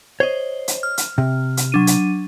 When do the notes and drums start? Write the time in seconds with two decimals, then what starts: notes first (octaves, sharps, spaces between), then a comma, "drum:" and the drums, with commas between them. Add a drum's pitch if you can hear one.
0.20 C5 C#5 D#5
0.68 drum: hi-hat
0.83 F6
0.98 drum: hi-hat
1.18 C3
1.57 drum: hi-hat
1.72 F#3 D4 D#7
1.87 drum: hi-hat